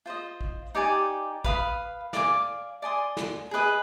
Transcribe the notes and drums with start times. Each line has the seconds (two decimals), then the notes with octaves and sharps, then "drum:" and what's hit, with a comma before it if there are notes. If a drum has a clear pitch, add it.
0.06 F4 C5 D#5
0.41 drum: kick A1
0.75 D#4 G4 D5 G#5
1.44 B4 F5 B5 D#6, drum: kick A1
2.13 D5 F5 G#5 D6, drum: snare
2.82 D5 G#5 C6 D#6
3.17 drum: snare
3.51 G#4 B4 D#5